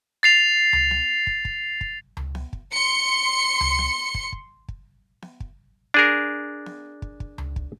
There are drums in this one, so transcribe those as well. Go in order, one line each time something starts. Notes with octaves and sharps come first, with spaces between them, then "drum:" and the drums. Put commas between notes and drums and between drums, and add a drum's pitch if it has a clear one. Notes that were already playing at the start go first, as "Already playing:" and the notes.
A6 C7 F7
drum: tom C#2
drum: snare B3
drum: kick
drum: kick
drum: kick
drum: tom C#2
drum: snare B3
drum: kick
C6 C#7
drum: tom C#2
drum: snare B3
drum: kick
drum: kick
drum: kick
drum: snare B3
drum: kick
D4 G#4 A#4
drum: snare B3
drum: kick
drum: kick
drum: tom C#2
drum: kick